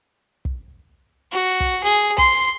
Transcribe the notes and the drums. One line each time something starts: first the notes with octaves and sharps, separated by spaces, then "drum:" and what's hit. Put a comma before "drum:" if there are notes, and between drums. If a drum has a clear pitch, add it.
drum: kick
F#4
drum: kick
G#4
C6, drum: kick